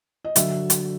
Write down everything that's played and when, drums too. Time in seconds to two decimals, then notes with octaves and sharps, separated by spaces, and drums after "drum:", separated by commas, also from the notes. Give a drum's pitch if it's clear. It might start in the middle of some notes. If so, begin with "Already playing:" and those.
0.25 D#5
0.36 D3 F#3 E5, drum: hi-hat
0.70 drum: hi-hat